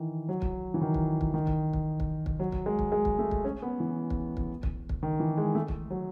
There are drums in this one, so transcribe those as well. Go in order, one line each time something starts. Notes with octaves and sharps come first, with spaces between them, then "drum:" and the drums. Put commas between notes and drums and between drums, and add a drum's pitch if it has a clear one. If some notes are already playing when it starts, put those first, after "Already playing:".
Already playing: D#3 E3
F#3
drum: kick
E3
D#3
drum: kick
drum: kick
D#3
drum: kick
drum: kick
drum: kick
drum: kick
F#3
drum: kick
G#3
drum: kick
G#3
drum: kick
A3
drum: kick
C#4
B3
E3
drum: kick
drum: kick
drum: kick
drum: kick
D#3
E3
G#3
A3
drum: kick
F#3